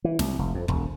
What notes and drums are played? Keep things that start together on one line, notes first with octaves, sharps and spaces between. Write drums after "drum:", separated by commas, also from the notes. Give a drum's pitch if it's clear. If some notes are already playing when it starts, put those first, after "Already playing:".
E3
C2, drum: snare
F1
F2
E1, drum: kick